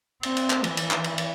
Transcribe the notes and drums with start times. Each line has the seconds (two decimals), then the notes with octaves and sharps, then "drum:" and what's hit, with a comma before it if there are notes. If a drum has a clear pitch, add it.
0.23 C4, drum: cymbal
0.37 drum: cymbal
0.50 drum: clap
0.64 E3, drum: cymbal
0.77 drum: cymbal
0.91 drum: clap
1.04 drum: cymbal
1.18 drum: cymbal